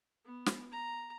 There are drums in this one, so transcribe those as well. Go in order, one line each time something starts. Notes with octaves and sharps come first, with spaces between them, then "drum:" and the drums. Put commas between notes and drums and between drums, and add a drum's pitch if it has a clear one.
B3
drum: snare
A#5